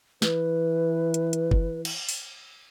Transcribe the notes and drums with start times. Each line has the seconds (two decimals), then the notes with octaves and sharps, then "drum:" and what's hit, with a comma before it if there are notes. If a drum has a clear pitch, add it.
0.22 E3 B4, drum: snare
1.14 drum: hi-hat
1.33 drum: hi-hat
1.51 drum: kick
1.85 drum: cymbal
2.09 drum: open hi-hat